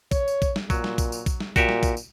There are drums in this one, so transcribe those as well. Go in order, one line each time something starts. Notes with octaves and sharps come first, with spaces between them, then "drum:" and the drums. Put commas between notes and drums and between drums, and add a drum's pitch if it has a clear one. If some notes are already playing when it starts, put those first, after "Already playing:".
C#5, drum: kick A#1, tambourine
drum: tambourine
drum: kick A#1, tambourine
drum: snare
A#2 F#3, drum: kick A#1, tambourine
drum: snare
drum: kick A#1, tambourine
drum: tambourine
drum: kick A#1, tambourine
drum: snare
A#2 F#4 G4 E5, drum: kick A#1, tambourine
drum: snare
drum: kick A#1, tambourine
drum: tambourine